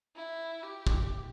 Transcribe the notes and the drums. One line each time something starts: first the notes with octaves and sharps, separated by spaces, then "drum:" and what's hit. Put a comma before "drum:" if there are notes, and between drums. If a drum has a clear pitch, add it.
E4
G4
drum: kick